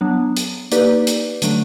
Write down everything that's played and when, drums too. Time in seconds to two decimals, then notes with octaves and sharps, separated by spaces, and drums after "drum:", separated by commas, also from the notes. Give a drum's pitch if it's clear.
0.01 F#3 B3 D4
0.37 drum: hi-hat
0.72 A#3 D#4 G4 B4 D5, drum: hi-hat
1.07 drum: hi-hat
1.42 D3 F#3 A3 D4, drum: hi-hat